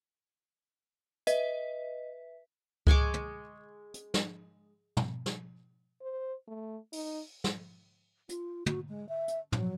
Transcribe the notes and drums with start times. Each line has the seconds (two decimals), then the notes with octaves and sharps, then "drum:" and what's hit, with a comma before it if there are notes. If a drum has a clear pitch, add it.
1.27 B4 D#5 E5 B6, drum: hi-hat
2.87 G#3 G#5 C#6 D6, drum: kick C#2
3.14 drum: tom
3.94 drum: hi-hat
4.14 drum: snare
4.97 drum: tom
5.26 drum: snare
6.01 C5
6.48 A3
6.93 D#4, drum: open hi-hat
7.44 drum: snare
8.29 F4, drum: hi-hat
8.66 F#4, drum: tom
8.89 G#3
9.09 E5
9.28 drum: hi-hat
9.52 F#3, drum: tom